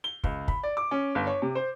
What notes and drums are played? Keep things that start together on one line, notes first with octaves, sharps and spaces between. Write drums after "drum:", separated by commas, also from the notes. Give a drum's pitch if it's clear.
G7
C#2, drum: kick
B5, drum: kick
D5
D6
C#4
G1
C#5
C3
C5